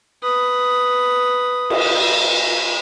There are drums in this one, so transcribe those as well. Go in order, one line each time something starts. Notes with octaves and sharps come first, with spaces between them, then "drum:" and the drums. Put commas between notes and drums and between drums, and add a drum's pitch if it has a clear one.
B4 D#6
drum: cymbal